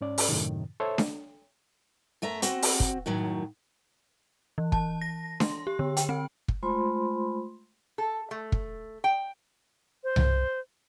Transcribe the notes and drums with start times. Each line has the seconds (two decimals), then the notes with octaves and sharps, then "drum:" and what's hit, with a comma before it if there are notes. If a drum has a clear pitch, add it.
0.01 G#2 C#4 D5
0.18 drum: open hi-hat
0.29 F#2 A2 C3 D#3
0.80 A4 C5 C#5 E5
0.98 drum: snare D4
2.22 F#2 A3 E5 A#5
2.42 C4 F#4, drum: hi-hat
2.62 drum: open hi-hat
2.80 drum: kick
3.06 F#2 A2 D#3 F#3
4.58 E3
4.72 A5, drum: kick
5.01 A#6
5.40 C6, drum: snare D4
5.67 G4
5.79 D3
5.97 G5, drum: hi-hat
6.09 C4
6.48 drum: kick
6.63 G#3 A3 F4 C5 B5 C6
7.98 A4
8.31 A3
8.52 drum: kick
9.04 G5
10.04 C5
10.16 drum: tom C2